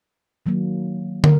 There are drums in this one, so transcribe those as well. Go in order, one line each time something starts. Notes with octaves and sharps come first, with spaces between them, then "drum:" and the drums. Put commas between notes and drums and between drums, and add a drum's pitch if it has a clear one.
D#3 F#3 A#3
A#4, drum: tom